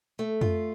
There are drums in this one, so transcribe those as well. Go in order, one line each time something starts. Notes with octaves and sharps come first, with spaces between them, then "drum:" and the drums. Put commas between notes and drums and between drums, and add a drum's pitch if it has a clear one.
A3
F4, drum: tom F2